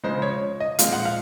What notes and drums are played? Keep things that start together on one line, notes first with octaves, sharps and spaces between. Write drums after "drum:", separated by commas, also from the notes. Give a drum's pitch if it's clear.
C#3 F3 G#3 C5
C#5
D#5
A#2 F3 G#3 C4 F5, drum: hi-hat
F#5
F5